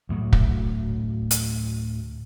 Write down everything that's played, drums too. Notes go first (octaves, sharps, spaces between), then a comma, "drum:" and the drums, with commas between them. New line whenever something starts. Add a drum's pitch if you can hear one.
D2 A2 F#3
drum: kick
drum: hi-hat